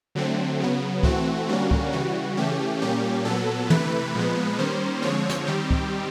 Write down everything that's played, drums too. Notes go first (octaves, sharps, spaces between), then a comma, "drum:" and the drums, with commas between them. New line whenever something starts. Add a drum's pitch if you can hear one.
D3 F#3 A3 C4
C#3 F#3 B3
E3 A3 C4 F#4, drum: kick C#2
D3 G3 A#3 C#4 F#4
drum: kick C#2
C#3 E3 G3 F#4
C#3 E3 A3 C#4 G4
A#2 G3 A#3 C#4 G4
A#2 F#3 B3 A4
C3 E3 A3 B4, drum: tom
A#2 F3 G#3 B3
D#3 G3 A#3 C#4 C5
D3 F3 G#3 C4 C#5
drum: snare
D#3 G3 C4 G4
drum: kick C#2